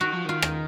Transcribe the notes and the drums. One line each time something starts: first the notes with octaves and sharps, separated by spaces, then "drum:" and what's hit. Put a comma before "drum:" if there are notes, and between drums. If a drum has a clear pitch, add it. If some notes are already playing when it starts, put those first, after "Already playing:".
D#3 F#4
F3
D#3 F4
drum: rim click